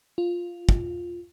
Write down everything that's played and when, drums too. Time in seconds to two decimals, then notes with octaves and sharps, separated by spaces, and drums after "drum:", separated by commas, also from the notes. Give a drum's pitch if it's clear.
0.18 F4
0.69 drum: kick